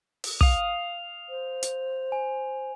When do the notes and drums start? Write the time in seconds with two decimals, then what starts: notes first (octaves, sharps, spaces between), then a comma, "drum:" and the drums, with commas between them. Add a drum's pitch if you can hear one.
0.24 drum: open hi-hat
0.41 F5 D#6 F7, drum: kick
1.29 C5
1.63 drum: hi-hat
2.12 G#5